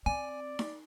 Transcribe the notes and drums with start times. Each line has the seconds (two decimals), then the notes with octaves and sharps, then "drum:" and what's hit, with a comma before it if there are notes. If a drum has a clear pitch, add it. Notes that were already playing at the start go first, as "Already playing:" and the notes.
0.06 C4 D5 G#5
0.59 drum: snare D#4